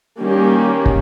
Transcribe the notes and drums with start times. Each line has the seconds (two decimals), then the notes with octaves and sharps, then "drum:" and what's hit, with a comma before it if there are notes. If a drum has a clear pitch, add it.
0.21 D#3 G3 A#3 C#4 G4
0.86 drum: kick